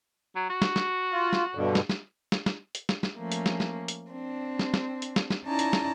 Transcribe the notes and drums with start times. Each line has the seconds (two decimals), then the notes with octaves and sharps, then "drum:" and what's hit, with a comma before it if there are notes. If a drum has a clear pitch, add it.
0.36 F#3
0.50 F#4
0.62 drum: snare
0.76 drum: snare
1.12 F4
1.33 drum: snare
1.55 G2 B2 D3
1.75 drum: snare
1.89 drum: snare
2.32 drum: snare
2.46 drum: snare
2.75 drum: hi-hat
2.89 drum: snare
3.03 drum: snare
3.18 F3 A3 A#3 C#4
3.32 drum: hi-hat
3.46 drum: snare
3.60 drum: snare
3.88 drum: hi-hat
4.10 C4 D4
4.59 drum: snare
4.74 drum: snare
5.02 drum: hi-hat
5.16 drum: snare
5.30 drum: snare
5.45 C#4 D#4 E4 D5 A5 A#5
5.59 drum: hi-hat
5.73 drum: snare